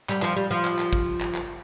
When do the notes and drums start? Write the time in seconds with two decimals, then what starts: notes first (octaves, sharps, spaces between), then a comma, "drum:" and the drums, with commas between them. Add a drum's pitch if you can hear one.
0.09 G3, drum: clap
0.22 F3, drum: clap
0.36 G3
0.51 F3
0.65 drum: clap
0.79 drum: clap
0.93 drum: kick G#1
1.21 drum: clap
1.34 drum: clap